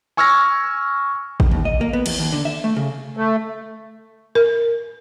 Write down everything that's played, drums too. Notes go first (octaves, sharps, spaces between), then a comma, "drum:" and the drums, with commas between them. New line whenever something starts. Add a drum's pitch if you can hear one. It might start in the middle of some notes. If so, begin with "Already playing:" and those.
G#5 C#6 E6 F6 G#6 A#6
drum: kick A1
D#2
D#5
A#3
B3
E2, drum: cymbal
D#2
D3
E5
A3
C#3
A3
A#4